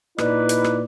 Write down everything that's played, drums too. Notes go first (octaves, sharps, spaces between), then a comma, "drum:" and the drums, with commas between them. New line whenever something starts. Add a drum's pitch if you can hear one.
A#2 D#4 E4 B4 D5, drum: rim click
drum: hi-hat
drum: rim click